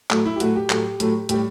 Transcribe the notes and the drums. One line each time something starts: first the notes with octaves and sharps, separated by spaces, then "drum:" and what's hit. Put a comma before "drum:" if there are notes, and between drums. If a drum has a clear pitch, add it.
A2 F#3 A3, drum: clap
E4
G4
A2 F#3 A3 F#4, drum: hi-hat
G4
A2 F#3 A3, drum: clap
A2 F#3 A3, drum: hi-hat
A2 G3 G4, drum: hi-hat